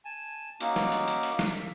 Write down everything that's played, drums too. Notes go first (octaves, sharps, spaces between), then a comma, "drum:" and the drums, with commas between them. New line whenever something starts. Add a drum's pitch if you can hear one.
G#5 A5
A#3 C#4 D#4 F#4 D6, drum: hi-hat
drum: snare
drum: hi-hat
drum: hi-hat
drum: hi-hat
drum: snare
E5